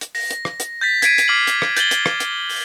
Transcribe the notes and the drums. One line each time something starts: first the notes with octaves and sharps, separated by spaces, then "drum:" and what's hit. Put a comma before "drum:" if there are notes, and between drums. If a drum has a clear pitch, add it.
drum: hi-hat
A#6, drum: open hi-hat
drum: hi-hat
drum: rim click
drum: hi-hat
G6 A6 B6
G#6 B6 C7 D7 D#7, drum: hi-hat
drum: hi-hat
D6 F6 C7 F#7
drum: hi-hat
drum: rim click
G6 A6 F#7 G7, drum: hi-hat
drum: hi-hat
drum: rim click
drum: hi-hat
drum: open hi-hat